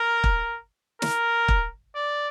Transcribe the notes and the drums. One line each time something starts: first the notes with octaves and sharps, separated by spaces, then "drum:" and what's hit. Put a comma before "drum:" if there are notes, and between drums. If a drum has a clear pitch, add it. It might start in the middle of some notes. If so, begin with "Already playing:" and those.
Already playing: A#4
drum: kick
A#4, drum: snare
drum: kick
D5